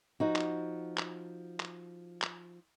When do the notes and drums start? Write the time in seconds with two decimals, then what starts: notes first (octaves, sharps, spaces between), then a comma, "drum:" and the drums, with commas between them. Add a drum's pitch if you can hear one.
0.20 F3 D#4 F#4
0.36 drum: clap
0.98 drum: clap
1.60 drum: clap
2.22 drum: clap